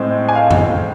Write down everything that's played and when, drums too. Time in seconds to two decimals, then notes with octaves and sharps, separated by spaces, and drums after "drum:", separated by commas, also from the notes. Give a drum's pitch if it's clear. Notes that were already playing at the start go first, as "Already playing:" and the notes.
Already playing: A2 G#3 C4
0.29 G#5
0.35 F5
0.51 drum: tom F2